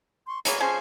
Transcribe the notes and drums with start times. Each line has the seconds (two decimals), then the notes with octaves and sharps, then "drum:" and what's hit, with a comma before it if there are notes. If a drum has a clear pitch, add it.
0.27 C6 C#6
0.45 F#3 A#3 B3 G#4 G#5, drum: hi-hat
0.60 F3 C#4 G#4 C5 G#5